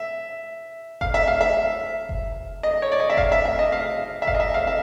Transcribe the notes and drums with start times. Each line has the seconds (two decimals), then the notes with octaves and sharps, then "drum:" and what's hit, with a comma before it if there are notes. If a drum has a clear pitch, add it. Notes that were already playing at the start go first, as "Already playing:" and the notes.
Already playing: E5
1.01 F5, drum: kick F#1
1.14 E5
1.27 F5
1.41 E5
2.09 drum: kick F#1
2.63 D#5
2.82 C#5
2.92 D5
3.00 D#5
3.10 E5
3.17 F5, drum: kick F#1
3.32 E5
3.45 E5
3.59 D#5
3.72 F5
4.22 E5
4.27 F5, drum: kick F#1
4.35 D#5
4.40 E5
4.54 F5
4.67 E5